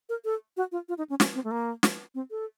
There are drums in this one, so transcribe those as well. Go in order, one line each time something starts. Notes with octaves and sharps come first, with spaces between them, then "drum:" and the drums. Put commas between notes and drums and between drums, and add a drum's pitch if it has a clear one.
A#4
A4
F#4
F4
F4
D#4
C#4
C#4, drum: snare
C4
A3
A#3
drum: snare
C4
A4